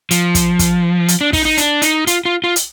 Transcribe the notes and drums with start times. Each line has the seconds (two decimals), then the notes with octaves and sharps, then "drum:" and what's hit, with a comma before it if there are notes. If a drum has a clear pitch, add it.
0.11 F3, drum: hi-hat
0.35 drum: kick, hi-hat
0.59 drum: kick, hi-hat
1.08 drum: hi-hat
1.21 D4
1.33 D#4, drum: kick, open hi-hat
1.45 D#4
1.58 D4, drum: hi-hat
1.82 D#4, drum: hi-hat
2.07 F4, drum: hi-hat
2.25 F4
2.44 F4
2.56 drum: hi-hat